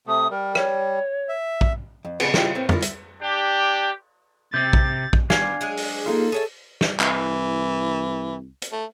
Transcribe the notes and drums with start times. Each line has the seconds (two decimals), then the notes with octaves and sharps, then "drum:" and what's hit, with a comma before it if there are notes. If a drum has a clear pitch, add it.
0.07 C3 A3 D#6
0.30 G3 A#4
0.55 C#5, drum: rim click
1.29 E5
1.61 drum: kick
2.05 F2
2.20 F2 A#2 C#3 G3 G#3 B3, drum: cymbal
2.34 G#2 C#3 G#3 E4 F4 G4, drum: snare
2.55 A2 A#3 C4
2.69 E4 F4 A#4 D5 F5, drum: tom F2
2.82 E5, drum: hi-hat
3.22 D4 G4
4.54 C3 C4 G6 A6
4.73 drum: kick
5.13 drum: kick
5.30 D#3 G3 B3 D4 F5 G#5, drum: snare
5.61 F#3 G#3 G#4
5.77 drum: open hi-hat
6.06 A#3 D#4 F4 A4
6.32 G#4 C#5 E5 A5
6.81 drum: snare
7.00 C2 E3, drum: clap
8.62 drum: hi-hat
8.72 A3